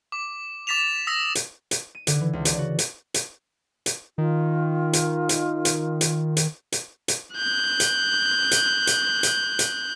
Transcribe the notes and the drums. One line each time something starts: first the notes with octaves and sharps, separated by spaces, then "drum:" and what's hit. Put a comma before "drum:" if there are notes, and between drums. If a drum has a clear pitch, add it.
D6
D6 A6 B6 E7 F7
D#6 E6 A#6 B6
drum: hi-hat
drum: hi-hat
D#7
D3, drum: hi-hat
E3
C#2
D5, drum: hi-hat
F#4
drum: hi-hat
drum: hi-hat
drum: hi-hat
D#3 F4
drum: hi-hat
drum: hi-hat
drum: hi-hat
drum: hi-hat
drum: hi-hat
drum: hi-hat
drum: hi-hat
F#6 G6
drum: hi-hat
drum: hi-hat
drum: hi-hat
drum: hi-hat
drum: hi-hat